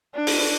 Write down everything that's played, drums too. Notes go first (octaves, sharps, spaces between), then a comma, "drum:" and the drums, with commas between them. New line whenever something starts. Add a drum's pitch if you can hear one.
D4
drum: open hi-hat